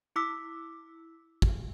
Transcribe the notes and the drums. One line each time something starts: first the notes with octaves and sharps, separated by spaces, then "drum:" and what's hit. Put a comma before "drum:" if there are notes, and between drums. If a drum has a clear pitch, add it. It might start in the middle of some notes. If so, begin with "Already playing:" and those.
E4 D6 E6 B6
drum: kick